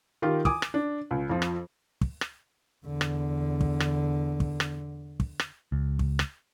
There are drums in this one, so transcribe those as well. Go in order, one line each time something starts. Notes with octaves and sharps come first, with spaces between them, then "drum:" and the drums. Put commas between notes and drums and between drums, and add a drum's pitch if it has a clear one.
D#3 F4 G4
G#5 D6 D#6, drum: kick
drum: rim click
D4
C#2
F2 F3
drum: rim click
drum: kick
drum: rim click
E2 D3
drum: rim click
drum: kick
drum: rim click
drum: kick
drum: rim click
drum: kick
drum: rim click
C#2
drum: kick
drum: rim click